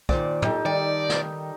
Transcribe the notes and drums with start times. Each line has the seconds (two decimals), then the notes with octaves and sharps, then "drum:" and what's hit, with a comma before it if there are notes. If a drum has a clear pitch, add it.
0.09 A#2 D#3 C5 D5, drum: kick
0.42 D#4 G4 A4, drum: tom
0.66 D#3 G3 D5
1.10 drum: snare